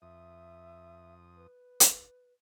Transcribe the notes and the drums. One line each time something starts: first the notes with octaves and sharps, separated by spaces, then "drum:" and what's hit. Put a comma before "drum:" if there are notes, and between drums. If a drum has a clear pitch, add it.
F2 E5 D#6
B4
drum: hi-hat